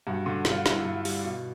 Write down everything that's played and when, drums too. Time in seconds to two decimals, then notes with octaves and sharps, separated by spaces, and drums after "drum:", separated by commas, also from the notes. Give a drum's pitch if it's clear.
0.07 G2 F#4
0.26 D3
0.45 G2, drum: snare
0.50 F4
0.66 G2 E4, drum: snare
0.84 G2
1.05 G3, drum: open hi-hat
1.24 B2